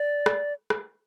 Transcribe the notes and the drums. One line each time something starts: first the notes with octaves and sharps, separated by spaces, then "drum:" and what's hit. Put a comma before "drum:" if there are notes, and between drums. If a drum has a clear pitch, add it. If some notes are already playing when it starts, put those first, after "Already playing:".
Already playing: D5
drum: rim click
drum: rim click